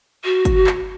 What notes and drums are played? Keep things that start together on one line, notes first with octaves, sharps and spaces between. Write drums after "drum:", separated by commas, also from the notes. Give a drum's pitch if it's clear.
F#4
drum: kick, hi-hat
drum: clap